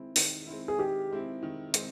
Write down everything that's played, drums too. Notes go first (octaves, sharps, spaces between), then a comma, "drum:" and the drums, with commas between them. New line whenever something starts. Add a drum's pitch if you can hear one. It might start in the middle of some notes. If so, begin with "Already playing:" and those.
Already playing: D#3 G#3 C4 E4
D#3, drum: open hi-hat
G#3 C4 E4
G#4
D#3 G4
G#3 C4 E4
D#3
G#3 C4, drum: hi-hat